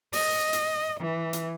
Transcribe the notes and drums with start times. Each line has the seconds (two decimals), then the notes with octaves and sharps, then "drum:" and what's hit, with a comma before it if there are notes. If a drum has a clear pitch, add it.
0.13 D#5, drum: open hi-hat
0.53 drum: hi-hat
1.00 E3
1.33 drum: hi-hat